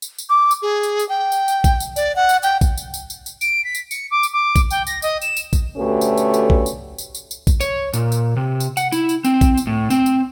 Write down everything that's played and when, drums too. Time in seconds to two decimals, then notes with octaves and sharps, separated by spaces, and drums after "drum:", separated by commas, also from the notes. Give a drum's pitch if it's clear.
0.02 drum: tambourine
0.18 drum: tambourine
0.29 D6
0.51 drum: tambourine
0.62 G#4
0.83 drum: tambourine
0.99 drum: tambourine
1.09 G5
1.32 drum: tambourine
1.48 drum: tambourine
1.64 drum: kick A1, tambourine
1.80 drum: tambourine
1.96 D5, drum: tambourine
2.16 F#5
2.29 drum: tambourine
2.43 G5, drum: tambourine
2.61 drum: kick A1, tambourine
2.78 drum: tambourine
2.94 drum: tambourine
3.10 drum: tambourine
3.26 drum: tambourine
3.41 D7, drum: tambourine
3.64 B6
3.75 drum: tambourine
3.91 C#7, drum: tambourine
4.11 D6
4.23 drum: tambourine
4.33 D6
4.56 drum: kick A1, tambourine
4.70 G5, drum: tambourine
4.87 A#6, drum: tambourine
5.02 D#5, drum: tambourine
5.22 E7, drum: tambourine
5.37 drum: tambourine
5.53 drum: kick A1, tambourine
5.77 D2 B2 A3 C#4 G4 A4
6.01 drum: tambourine
6.17 drum: tambourine
6.34 drum: tambourine
6.50 drum: kick A1
6.66 drum: tambourine
6.98 drum: tambourine
7.15 drum: tambourine
7.31 drum: tambourine
7.47 drum: kick A1, tambourine
7.61 C#5, drum: tambourine
7.94 A#2, drum: tambourine
8.12 drum: tambourine
8.36 C3
8.60 drum: tambourine
8.77 F#5, drum: tambourine
8.92 E4, drum: tambourine
9.09 drum: tambourine
9.24 C4, drum: tambourine
9.41 drum: kick A1, tambourine
9.57 drum: tambourine
9.67 A2
9.90 C4, drum: tambourine
10.06 drum: tambourine